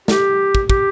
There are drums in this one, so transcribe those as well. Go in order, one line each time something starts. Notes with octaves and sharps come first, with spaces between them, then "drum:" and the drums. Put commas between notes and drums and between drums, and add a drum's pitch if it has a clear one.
G4, drum: snare
drum: kick
G4, drum: kick